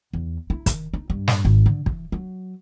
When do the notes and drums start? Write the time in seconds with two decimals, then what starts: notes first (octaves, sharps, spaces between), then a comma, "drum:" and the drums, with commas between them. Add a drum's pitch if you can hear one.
0.13 E2
0.50 E4
0.66 D#3, drum: kick, hi-hat
0.94 D#4
1.10 G2
1.28 drum: snare
1.45 G#1
1.66 D3
1.86 E3, drum: kick
2.12 F#3